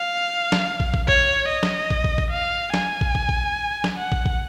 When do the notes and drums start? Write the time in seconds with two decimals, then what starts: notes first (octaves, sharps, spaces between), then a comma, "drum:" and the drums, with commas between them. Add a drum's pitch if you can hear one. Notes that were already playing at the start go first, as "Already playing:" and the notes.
Already playing: F5
0.52 drum: snare
0.80 drum: kick
0.94 drum: kick
1.08 C#5, drum: kick
1.49 D#5
1.63 drum: snare
1.90 drum: kick
2.04 drum: kick
2.18 drum: kick
2.31 F5
2.74 G#5, drum: snare
3.01 drum: kick
3.15 drum: kick
3.29 drum: kick
3.84 drum: snare
3.98 F#5
4.12 drum: kick
4.26 drum: kick